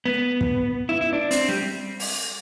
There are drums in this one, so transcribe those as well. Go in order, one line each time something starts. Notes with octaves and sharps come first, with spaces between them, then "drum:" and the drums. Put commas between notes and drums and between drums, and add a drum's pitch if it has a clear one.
B3
drum: kick
E4
E4
D4
C4, drum: hi-hat
G3
drum: open hi-hat